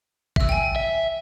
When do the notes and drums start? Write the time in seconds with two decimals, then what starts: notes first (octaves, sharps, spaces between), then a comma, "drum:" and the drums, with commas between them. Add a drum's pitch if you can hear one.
0.36 E5 E6, drum: kick
0.49 G5 G#5
0.76 E5